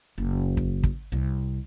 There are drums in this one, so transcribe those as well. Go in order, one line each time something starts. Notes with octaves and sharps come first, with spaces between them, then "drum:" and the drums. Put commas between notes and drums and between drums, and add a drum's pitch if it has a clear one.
F#1
drum: kick
drum: kick
C2